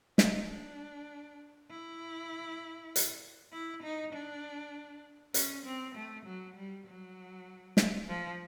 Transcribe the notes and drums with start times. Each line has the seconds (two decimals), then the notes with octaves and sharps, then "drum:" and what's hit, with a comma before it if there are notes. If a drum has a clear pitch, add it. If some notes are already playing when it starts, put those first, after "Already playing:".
0.18 D#4, drum: snare
0.49 D4
1.70 E4
2.96 drum: hi-hat
3.53 E4
3.83 D#4
4.13 D4
5.34 C#4, drum: hi-hat
5.66 C4
5.96 A3
6.26 F#3
6.56 G3
6.87 F#3
7.77 drum: snare
8.08 F3